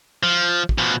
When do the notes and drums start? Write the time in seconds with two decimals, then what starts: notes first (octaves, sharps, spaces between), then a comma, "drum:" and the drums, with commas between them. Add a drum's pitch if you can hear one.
0.23 F3
0.69 drum: kick
0.78 B2 F3